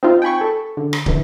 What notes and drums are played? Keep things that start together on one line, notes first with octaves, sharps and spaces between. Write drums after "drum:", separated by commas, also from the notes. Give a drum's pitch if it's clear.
C4 D#4 F4
G5 G#5 B5 C#6
A4
D3
drum: rim click
A#1 D3 E3, drum: kick